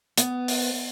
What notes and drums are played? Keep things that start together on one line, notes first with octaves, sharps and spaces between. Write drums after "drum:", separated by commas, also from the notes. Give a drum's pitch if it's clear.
B3, drum: hi-hat
drum: open hi-hat